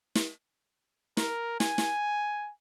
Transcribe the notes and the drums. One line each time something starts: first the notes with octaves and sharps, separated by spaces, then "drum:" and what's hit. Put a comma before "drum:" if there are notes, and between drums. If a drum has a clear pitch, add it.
drum: snare
A#4, drum: snare
G#5, drum: snare
drum: snare